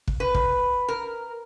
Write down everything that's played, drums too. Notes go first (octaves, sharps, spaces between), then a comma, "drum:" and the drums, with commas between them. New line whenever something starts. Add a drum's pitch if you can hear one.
drum: kick
B4
drum: kick
A#4